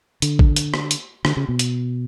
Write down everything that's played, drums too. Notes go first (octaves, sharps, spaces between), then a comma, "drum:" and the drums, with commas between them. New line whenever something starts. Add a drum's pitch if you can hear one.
D3, drum: hi-hat
drum: kick
drum: hi-hat
drum: rim click
drum: hi-hat
D3, drum: rim click
C#3
B2
drum: hi-hat